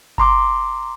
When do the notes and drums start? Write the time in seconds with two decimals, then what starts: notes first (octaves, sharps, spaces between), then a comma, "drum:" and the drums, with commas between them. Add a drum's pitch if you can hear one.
0.18 A#5 C6 D6, drum: kick G1